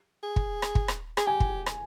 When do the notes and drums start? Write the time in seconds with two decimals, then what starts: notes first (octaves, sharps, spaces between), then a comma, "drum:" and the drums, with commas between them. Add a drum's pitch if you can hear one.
0.23 G#4
0.36 drum: kick
0.62 drum: rim click
0.75 drum: kick
0.88 drum: rim click
1.17 G#4, drum: rim click
1.27 G4 G#5
1.40 drum: kick
1.66 drum: rim click